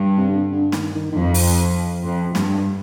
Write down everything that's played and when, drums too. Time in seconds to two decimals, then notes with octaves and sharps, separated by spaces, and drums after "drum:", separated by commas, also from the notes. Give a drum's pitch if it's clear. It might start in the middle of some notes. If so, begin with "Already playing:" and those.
Already playing: G2
0.18 C3
0.29 D3
0.51 D3
0.72 D#3, drum: snare
0.95 D#3
1.12 D#3
1.16 F2 F3
1.34 drum: open hi-hat
2.05 F2
2.35 G2, drum: snare